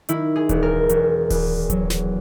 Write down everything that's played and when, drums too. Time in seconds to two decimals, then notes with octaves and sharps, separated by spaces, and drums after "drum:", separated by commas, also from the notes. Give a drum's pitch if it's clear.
0.09 D#3 E4, drum: hi-hat
0.36 G#4
0.49 E1, drum: kick D1, hi-hat
0.63 A#4
0.89 E1, drum: hi-hat
1.30 E2, drum: kick D1, open hi-hat
1.70 F#3, drum: kick D1, hi-hat
1.90 drum: snare